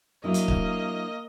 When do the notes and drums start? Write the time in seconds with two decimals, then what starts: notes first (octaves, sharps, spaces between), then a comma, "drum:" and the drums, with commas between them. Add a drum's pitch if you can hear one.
0.24 F#3 A#3 D4 E4 D#5
0.34 drum: hi-hat
0.48 drum: kick